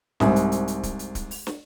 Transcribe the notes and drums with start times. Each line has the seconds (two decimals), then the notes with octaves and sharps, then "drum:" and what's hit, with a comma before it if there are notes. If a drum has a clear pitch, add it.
0.20 C2 G#2, drum: snare
0.36 drum: hi-hat
0.52 drum: hi-hat
0.68 drum: hi-hat
0.83 drum: kick D1, hi-hat
0.99 drum: hi-hat
1.15 drum: kick D1, hi-hat
1.31 drum: open hi-hat
1.47 drum: snare